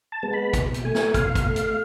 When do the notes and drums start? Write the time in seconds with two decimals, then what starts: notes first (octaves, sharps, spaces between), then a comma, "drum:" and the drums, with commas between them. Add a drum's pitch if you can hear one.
0.12 A5
0.23 G#3 B3
0.33 B5
0.53 B2, drum: kick, hi-hat
0.74 drum: hi-hat
0.85 A3 G#5
0.95 drum: snare
1.14 B2 F5, drum: kick, hi-hat
1.35 drum: kick, hi-hat
1.46 A3
1.56 drum: hi-hat